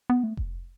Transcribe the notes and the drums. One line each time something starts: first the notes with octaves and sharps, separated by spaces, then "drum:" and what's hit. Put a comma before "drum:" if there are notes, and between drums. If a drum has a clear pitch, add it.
B3
A3
drum: kick F1